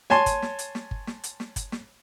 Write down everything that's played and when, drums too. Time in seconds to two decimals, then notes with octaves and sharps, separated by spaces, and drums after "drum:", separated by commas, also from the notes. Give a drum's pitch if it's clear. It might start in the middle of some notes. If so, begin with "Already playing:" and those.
0.10 C#5 G#5 A5 C6, drum: snare
0.26 drum: kick G1, hi-hat
0.42 drum: snare
0.59 drum: hi-hat
0.75 drum: snare
0.91 drum: kick G1
1.07 drum: snare
1.24 drum: hi-hat
1.40 drum: snare
1.56 drum: kick G1, hi-hat
1.72 drum: snare